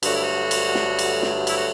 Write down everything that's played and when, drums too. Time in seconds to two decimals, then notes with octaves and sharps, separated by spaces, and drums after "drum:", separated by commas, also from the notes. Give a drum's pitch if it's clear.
0.03 G2 D3 F#3 A3 F#4, drum: cymbal
0.13 E4
0.22 F#4
0.51 drum: cymbal
0.75 drum: snare
0.99 drum: cymbal
1.22 drum: snare
1.47 E4, drum: cymbal
1.56 F#4